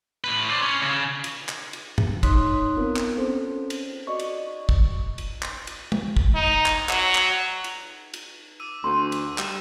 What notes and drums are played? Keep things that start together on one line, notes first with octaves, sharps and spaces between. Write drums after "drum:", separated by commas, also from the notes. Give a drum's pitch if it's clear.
A2 B4
C5 D5
C#4
C#3
drum: cymbal
drum: clap
drum: cymbal
drum: tom
D#4 C#5 C6 D#6 F#6 B6, drum: kick, cymbal
B3 C4 F4 A#4
drum: clap
C4 C#4 A4 C5
drum: cymbal
F#4 D5 D#5 C#6
drum: cymbal
drum: kick
drum: cymbal
drum: clap
drum: cymbal
drum: tom
drum: kick
D#4
drum: clap
F#3, drum: clap
drum: clap
drum: cymbal
drum: cymbal
D6 E6 D#7
D2 C6
drum: cymbal
G3 F#6 E7, drum: clap